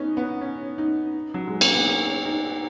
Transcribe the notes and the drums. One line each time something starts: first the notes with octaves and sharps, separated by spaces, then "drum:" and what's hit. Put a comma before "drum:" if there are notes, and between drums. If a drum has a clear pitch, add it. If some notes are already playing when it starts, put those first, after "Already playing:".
Already playing: B3 C#4 D#4
B3
C#4
D#4
F#3
G#3
A#3, drum: cymbal
B3
C#4
D#4